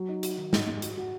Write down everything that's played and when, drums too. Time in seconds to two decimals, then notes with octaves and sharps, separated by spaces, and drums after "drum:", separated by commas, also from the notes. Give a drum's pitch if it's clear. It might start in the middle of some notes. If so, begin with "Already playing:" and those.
Already playing: F#3
0.09 D#4
0.23 F#4, drum: hi-hat
0.37 D#3
0.53 G#2, drum: snare
0.67 G#2
0.82 F#4, drum: hi-hat
0.97 F#4